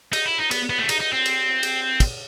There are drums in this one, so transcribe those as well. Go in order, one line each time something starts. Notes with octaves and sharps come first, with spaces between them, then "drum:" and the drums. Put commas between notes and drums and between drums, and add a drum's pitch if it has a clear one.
D#4, drum: cymbal
E4
D#4
B3, drum: cymbal
B3
A3 C4
D#4, drum: cymbal
D#4
C4
drum: cymbal
drum: cymbal
drum: kick, cymbal